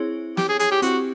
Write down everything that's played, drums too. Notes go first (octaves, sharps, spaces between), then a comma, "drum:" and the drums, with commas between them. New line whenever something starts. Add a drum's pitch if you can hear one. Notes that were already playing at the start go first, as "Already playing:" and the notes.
Already playing: C4 E4 G#4 C#5
G4, drum: snare
G#4
G#4, drum: hi-hat
G4
C4 E4 F#4 G4, drum: hi-hat